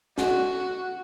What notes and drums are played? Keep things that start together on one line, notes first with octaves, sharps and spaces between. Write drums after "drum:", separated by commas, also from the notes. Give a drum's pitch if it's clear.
F#4, drum: snare